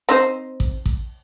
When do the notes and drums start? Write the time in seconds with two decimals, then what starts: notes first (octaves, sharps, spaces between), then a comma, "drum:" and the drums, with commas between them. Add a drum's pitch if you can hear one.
0.09 C4 D#4 C5
0.60 drum: kick A1
0.86 drum: kick A1